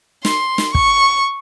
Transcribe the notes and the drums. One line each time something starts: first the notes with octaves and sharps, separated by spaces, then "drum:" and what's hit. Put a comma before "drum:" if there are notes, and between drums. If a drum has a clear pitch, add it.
C6, drum: snare
drum: snare
C#6, drum: kick